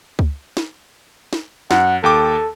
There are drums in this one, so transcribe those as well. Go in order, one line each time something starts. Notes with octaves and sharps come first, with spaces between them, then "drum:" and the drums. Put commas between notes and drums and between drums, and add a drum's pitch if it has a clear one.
drum: kick C#2
drum: snare
drum: snare
F#2 F#5, drum: snare
D#2 A4 G5 D6